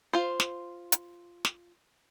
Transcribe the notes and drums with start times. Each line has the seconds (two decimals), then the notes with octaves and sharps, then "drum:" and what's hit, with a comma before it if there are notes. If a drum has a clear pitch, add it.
0.13 F4 C5
0.40 drum: snare
0.92 drum: hi-hat
1.45 drum: snare